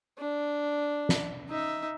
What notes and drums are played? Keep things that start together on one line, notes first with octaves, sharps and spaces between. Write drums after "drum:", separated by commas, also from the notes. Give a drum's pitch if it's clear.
D4
drum: snare
D#4 E5